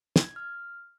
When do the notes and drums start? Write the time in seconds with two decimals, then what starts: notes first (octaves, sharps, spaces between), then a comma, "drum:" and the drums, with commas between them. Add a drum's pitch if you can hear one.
0.16 G#6, drum: snare
0.36 F6